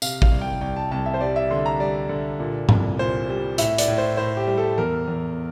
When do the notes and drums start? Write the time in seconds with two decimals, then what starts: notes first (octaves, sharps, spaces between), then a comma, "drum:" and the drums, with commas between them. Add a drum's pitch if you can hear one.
0.02 C3 F5, drum: tambourine
0.22 F5, drum: kick A1
0.31 C2
0.41 G5
0.61 C2 G5
0.76 A5
0.91 C2 A5
1.06 E5
1.14 C5
1.21 G3 D5
1.36 E5
1.51 D3 C6
1.66 A#5
1.80 G3 D5
2.09 D3
2.40 A#2
2.69 C2, drum: tom G#2
2.99 A#2 C5
3.29 G3
3.58 A2 E5, drum: hi-hat
3.78 D5, drum: hi-hat
3.88 A2
3.98 C5
4.17 A2 C5
4.37 G4
4.47 G3
4.58 A4
4.78 E2 A#4
5.08 E2